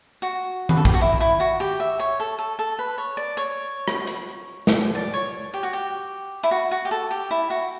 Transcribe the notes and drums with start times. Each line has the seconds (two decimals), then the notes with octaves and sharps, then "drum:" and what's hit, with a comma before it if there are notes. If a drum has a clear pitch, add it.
0.22 F#4
0.69 B4, drum: tom D#3
0.77 A4
0.85 G4, drum: kick
0.94 F#4
1.01 E4
1.21 E4
1.40 F#4
1.60 G4
1.80 E5
1.99 C#5
2.20 A4
2.39 A4
2.59 A4
2.79 B4
2.98 C#5
3.17 D5
3.37 C#5
3.88 drum: rim click
4.07 drum: hi-hat
4.67 drum: snare
4.95 D5
5.14 C#5
5.54 G4
5.63 F#4
5.73 G4
6.43 E4
6.51 F#4
6.71 F#4
6.85 G4
6.91 A4
7.11 G4
7.31 E4
7.50 F#4